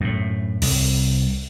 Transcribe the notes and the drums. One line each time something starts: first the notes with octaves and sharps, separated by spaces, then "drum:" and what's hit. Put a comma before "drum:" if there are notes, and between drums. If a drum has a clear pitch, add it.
F#2 A2
C2, drum: open hi-hat